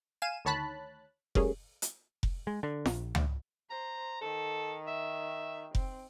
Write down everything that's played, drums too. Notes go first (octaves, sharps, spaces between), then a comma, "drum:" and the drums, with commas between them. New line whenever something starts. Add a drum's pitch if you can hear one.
F5 G#5 D#7 E7
D2 D#3 C#5 A5 B5 F#6
G3 A3 A#3 C#4 G#4, drum: kick F1
drum: hi-hat
drum: kick F1
G#3
D3
A#1, drum: snare
D2, drum: tom
C5 A#5
D#3 A4
E5
C4, drum: kick F1